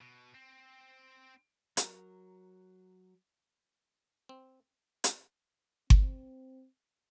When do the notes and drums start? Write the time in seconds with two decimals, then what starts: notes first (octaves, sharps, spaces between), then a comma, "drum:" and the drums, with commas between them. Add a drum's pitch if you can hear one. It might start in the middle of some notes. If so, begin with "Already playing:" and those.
0.01 B2
0.34 C4
1.77 F#3 A#4, drum: hi-hat
4.29 C4
5.04 drum: hi-hat
5.90 C4, drum: kick G1